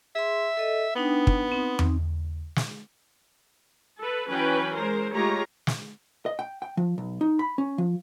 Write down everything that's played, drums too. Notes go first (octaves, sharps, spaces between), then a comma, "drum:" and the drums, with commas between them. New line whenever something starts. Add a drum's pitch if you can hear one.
G#4 E5 C6
A4 D#5
B3 D4 D#4 G5
drum: kick
C4 D#4
drum: tom E2
drum: snare
A4 B4
E3 F#3 C#4 B4 G5
G#3 A#4 C5
G#3 A3 F4 G4 C#5 A#5
drum: snare
D#5
G5
G5
F3
B1
D#4
B5
C#4
F3